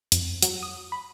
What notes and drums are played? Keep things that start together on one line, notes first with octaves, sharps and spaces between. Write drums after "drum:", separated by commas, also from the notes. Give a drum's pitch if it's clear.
F2, drum: hi-hat
F#3, drum: hi-hat
D#6
B5